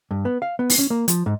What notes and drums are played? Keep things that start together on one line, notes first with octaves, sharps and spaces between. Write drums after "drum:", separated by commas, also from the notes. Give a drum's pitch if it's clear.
G2
B3
F5
B3
drum: open hi-hat
C#4
A#3
F3, drum: hi-hat
G#2